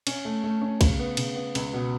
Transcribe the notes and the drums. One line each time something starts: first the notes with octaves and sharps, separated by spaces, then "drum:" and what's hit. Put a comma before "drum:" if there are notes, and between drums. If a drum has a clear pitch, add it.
C#4, drum: cymbal
A3
A3
C#4
C#3, drum: kick B1, cymbal
B3
C#3, drum: cymbal
B3
C#2, drum: cymbal
B2